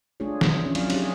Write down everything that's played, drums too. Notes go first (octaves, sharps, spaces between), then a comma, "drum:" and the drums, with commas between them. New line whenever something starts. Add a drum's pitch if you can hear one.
A3 D4 F4 G#4 C#5
drum: snare
F3 C#4
F#3 C4 E4 D5 F5, drum: cymbal
C#4 D#4 G4 G#4, drum: cymbal